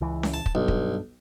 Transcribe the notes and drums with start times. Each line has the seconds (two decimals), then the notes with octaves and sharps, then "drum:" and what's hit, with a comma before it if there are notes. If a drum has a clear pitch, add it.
0.01 C#2 E3
0.23 drum: snare C#4
0.34 A5
0.46 drum: kick
0.55 B1 G2
0.68 drum: kick